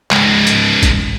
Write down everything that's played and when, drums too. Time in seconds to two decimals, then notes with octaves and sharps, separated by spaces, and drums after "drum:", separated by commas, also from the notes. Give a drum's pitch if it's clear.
0.11 C#2 G#2, drum: clap
0.47 drum: hi-hat
0.83 drum: kick A1, hi-hat